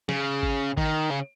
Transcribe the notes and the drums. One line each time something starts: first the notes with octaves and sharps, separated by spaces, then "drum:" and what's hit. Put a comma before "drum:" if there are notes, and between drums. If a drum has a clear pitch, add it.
C#3, drum: snare
drum: kick G#1
D#3, drum: kick G#1
C#3